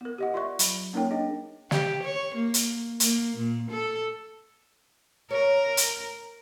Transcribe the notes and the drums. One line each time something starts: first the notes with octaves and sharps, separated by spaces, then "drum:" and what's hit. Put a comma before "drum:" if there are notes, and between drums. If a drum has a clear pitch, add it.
B3 A#4
G4 D#5 F#5
F4 D5 E5 C#6
F#3 B5, drum: hi-hat
A#3 C#4 D#4 A#4 C#5 G5
D4 G#4 D#5
G4, drum: snare
C#5
A#3
drum: hi-hat
A#3, drum: hi-hat
A#2
A4
A#4 C#5
drum: hi-hat